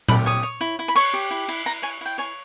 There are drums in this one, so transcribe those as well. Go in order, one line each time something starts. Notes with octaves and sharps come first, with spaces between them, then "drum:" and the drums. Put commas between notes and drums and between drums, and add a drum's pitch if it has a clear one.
G4 B5, drum: tom A#2
C#5 D#6
C#5
E4
E4
B5
C#5 C#6, drum: cymbal
G4
E4
E4, drum: cymbal
E4 A#5
C#5 G#5
E4 G5
C#5 G#5